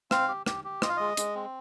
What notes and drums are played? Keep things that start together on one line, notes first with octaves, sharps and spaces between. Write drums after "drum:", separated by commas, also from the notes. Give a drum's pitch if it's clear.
C4 F5, drum: rim click
G4
G4, drum: rim click
G4
F4 D#5, drum: rim click
F5
G#3 D#5
G#3, drum: hi-hat
C4